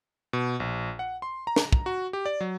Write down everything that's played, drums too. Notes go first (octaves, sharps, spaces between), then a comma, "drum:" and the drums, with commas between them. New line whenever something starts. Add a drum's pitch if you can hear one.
B2
A#1
F#5
C6
A#5
drum: snare
drum: kick
F#4
G4
D5
F#3